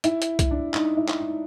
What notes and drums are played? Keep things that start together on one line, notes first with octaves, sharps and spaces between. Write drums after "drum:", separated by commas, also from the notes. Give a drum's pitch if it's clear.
E4, drum: hi-hat
drum: hi-hat
drum: kick C2, hi-hat
D4
D#4, drum: clap
E4
drum: clap
D#4